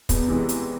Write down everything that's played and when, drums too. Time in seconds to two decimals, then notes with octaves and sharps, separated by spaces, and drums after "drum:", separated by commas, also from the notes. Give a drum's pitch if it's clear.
0.09 E2 B2, drum: kick, hi-hat
0.28 C3 E3 G#3
0.49 drum: hi-hat